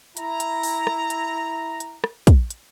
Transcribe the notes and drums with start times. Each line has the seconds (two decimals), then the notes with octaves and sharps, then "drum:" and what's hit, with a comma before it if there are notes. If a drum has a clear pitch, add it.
0.17 E4 A#5, drum: hi-hat
0.40 drum: hi-hat
0.63 drum: open hi-hat
0.87 drum: rim click
1.10 drum: hi-hat
1.80 drum: hi-hat
2.04 drum: rim click
2.27 drum: kick, hi-hat
2.50 drum: hi-hat